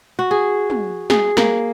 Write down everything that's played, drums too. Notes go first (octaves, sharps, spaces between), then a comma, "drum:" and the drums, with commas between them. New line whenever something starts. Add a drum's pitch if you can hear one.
F#4
G#4
drum: tom
G#4, drum: snare
A#3, drum: snare